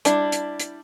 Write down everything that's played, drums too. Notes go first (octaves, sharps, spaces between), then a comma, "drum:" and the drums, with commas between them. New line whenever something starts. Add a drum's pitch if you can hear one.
G3 D4 E4, drum: hi-hat
drum: hi-hat
drum: hi-hat